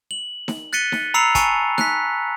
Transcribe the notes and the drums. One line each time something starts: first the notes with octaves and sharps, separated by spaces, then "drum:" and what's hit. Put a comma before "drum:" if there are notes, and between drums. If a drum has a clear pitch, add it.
F#7
drum: snare D#4
F#6 A6 B6 C#7 D#7 G7
drum: snare D#4
A#5 B5 E6 C7 C#7 F7
G#5 A5 C#6 C#7, drum: kick, hi-hat
F#6 B6, drum: snare D#4